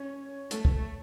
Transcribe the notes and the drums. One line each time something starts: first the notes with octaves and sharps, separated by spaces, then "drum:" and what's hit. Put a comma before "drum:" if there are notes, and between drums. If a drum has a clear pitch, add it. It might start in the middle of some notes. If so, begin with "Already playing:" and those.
Already playing: C#4 C#5
A3 A4, drum: hi-hat
drum: kick